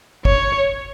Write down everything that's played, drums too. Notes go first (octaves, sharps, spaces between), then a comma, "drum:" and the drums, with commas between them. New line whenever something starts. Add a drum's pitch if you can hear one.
C#5, drum: kick